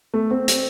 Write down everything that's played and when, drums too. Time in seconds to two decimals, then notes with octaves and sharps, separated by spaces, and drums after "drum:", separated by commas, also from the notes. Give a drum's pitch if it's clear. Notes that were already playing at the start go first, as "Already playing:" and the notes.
0.14 A3
0.31 C4
0.48 drum: hi-hat